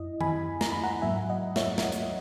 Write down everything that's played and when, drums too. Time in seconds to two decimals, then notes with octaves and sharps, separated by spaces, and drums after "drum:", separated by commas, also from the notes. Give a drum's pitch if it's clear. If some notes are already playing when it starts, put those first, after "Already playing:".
Already playing: F#2 E4 D#5
0.21 G#5 B5, drum: tom D#3
0.61 A#5, drum: snare
0.72 B5
0.84 F#5 A#5
1.01 G#2 F#3 A#3 E5 G#5
1.30 D#5 F#5
1.56 C#5 E5, drum: snare
1.78 E5, drum: snare
1.82 D#5 F#5
1.92 drum: hi-hat